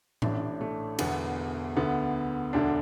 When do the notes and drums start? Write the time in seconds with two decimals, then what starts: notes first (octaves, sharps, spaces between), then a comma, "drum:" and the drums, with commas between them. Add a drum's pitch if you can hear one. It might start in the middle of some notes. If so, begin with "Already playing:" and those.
0.22 A1 A2 E3 D4, drum: tom A2
0.61 A3
0.99 E1 E2 D3 B3, drum: cymbal
1.77 D2 D3 B3
2.53 E1 D2 D3 D4